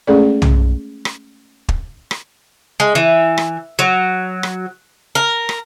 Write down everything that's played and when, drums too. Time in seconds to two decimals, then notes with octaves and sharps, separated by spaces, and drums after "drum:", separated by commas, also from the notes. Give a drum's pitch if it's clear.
0.07 G#3 A3 C#4 G#4 A4 D5
0.42 drum: tom
1.05 drum: rim click
1.69 drum: kick
2.11 drum: rim click
2.80 G#3
2.95 E3
3.38 drum: rim click
3.79 F#3
4.43 drum: rim click
5.15 A#4
5.49 drum: rim click